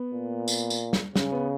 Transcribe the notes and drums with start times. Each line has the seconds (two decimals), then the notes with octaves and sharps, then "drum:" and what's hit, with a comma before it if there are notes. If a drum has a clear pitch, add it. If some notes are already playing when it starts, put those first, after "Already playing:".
Already playing: B3
0.13 A#2
0.48 drum: tambourine
0.70 drum: tambourine
0.93 drum: snare
1.16 C#3 C#4, drum: snare
1.32 B3